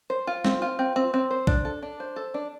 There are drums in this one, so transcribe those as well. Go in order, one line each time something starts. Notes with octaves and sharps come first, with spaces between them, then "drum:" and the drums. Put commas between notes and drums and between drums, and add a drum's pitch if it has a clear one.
C5
F4
C4, drum: snare
F4
C4
C4
C4
C5
D4, drum: kick B1
A4
D4
C5
A4
D4